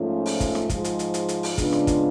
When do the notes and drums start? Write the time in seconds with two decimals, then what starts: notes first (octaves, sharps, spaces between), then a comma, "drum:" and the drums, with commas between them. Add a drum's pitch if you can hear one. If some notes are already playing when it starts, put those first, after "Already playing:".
Already playing: G#2 F3 A3 C#4 F4
0.26 drum: open hi-hat
0.40 drum: kick, hi-hat
0.55 drum: snare
0.69 G#2 F3 G#3, drum: kick, hi-hat
0.84 drum: hi-hat
0.99 drum: hi-hat
1.14 drum: hi-hat
1.28 drum: hi-hat
1.43 drum: open hi-hat
1.58 C#3 G#3 B3 D4 F4, drum: kick, hi-hat
1.73 drum: snare
1.87 drum: kick, hi-hat